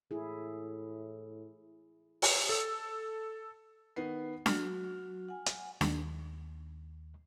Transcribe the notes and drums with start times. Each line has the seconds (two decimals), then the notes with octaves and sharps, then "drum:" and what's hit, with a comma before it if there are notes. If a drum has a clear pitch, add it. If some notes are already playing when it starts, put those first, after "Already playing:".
0.11 A2 E4 G#4
2.22 drum: open hi-hat
2.49 A4 E6
3.96 D#3 B3 C7
4.46 F#3 F#4 F6, drum: snare D4
5.29 F#5 G#5
5.46 drum: hi-hat
5.81 D#2, drum: snare D4